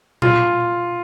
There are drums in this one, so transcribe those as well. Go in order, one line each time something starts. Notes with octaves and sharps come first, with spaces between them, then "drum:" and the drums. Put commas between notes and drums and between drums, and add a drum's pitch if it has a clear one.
F4, drum: tom A#2